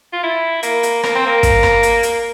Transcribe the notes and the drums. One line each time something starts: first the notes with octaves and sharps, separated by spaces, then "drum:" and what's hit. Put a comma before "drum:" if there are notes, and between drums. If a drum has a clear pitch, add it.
F4
E4
A#3, drum: hi-hat
drum: hi-hat
A#3, drum: rim click
C4
A#3
drum: kick, hi-hat
drum: rim click
drum: hi-hat
drum: hi-hat